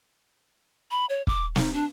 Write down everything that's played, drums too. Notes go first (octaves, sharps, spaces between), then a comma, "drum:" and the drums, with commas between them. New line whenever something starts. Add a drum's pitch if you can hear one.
B5
C#5
D6, drum: kick
D#4, drum: snare
D4